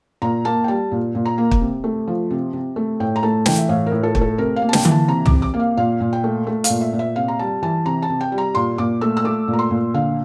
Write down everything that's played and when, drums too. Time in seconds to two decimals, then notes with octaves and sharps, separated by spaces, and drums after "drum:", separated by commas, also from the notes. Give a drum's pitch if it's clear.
0.22 A#2 A#5
0.45 A#3 A5
0.64 G5
0.68 G3 A5
0.92 A#2
1.15 A#2
1.26 A#5
1.38 A#3
1.51 drum: kick
1.61 C3
1.84 A3
2.07 F3
2.31 C3
2.53 C3
2.76 A3
3.00 A2 G5
3.16 A#5
3.23 A3 A5
3.46 E3 G5, drum: snare
3.58 E5
3.69 A2 F5
3.86 A#4
3.92 A2
4.03 A4
4.15 A3, drum: kick
4.21 A4
4.38 C3 A#4
4.56 F5
4.62 A#3
4.69 A5
4.73 G5, drum: snare
4.85 E3, drum: tom D3
4.91 A5
5.08 C3 A#5
5.26 D6, drum: tom
5.31 C3
5.42 D6
5.54 A#3
5.60 F5
5.77 A#2 F5
6.00 A#2
6.13 G5
6.24 A3
6.47 A3
6.64 F5, drum: hi-hat
6.70 A#2
6.81 E5
6.93 A#2
6.99 E5
7.16 C3 F5
7.28 A#5
7.39 G3 A5
7.62 E3 A5
7.86 C3 A#5
8.02 A5
8.09 C3
8.21 G5
8.32 G3
8.38 A#5
8.55 A#2 C6
8.78 A#2 D6
9.01 A3 E6
9.17 E6
9.24 A3 D6
9.48 A#2
9.53 A#5
9.59 C6
9.71 A#2
9.94 D3 F5